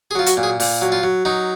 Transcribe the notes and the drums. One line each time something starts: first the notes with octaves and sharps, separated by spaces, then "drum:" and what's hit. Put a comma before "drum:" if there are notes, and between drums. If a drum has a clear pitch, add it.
G#4
F#3 F4
F#4, drum: hi-hat
A#2
G#4
A#2, drum: open hi-hat
F#3
F4
F#3
F#3 D#4